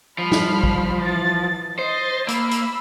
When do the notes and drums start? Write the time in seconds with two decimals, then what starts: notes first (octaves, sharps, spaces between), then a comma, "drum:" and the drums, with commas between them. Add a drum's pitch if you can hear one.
0.18 F3 G3 B5 F6
0.32 drum: snare
0.64 drum: kick
0.98 E3 A6
1.79 C5 D#5 A6
2.28 A#3 B5 E6, drum: hi-hat
2.51 drum: hi-hat